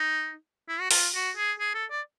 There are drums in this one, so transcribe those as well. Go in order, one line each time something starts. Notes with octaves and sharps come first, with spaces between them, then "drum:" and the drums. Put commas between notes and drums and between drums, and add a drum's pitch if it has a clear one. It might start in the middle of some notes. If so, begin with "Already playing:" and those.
Already playing: D#4
E4
F#4
F4, drum: open hi-hat
F#4
G#4
G#4
A4
D5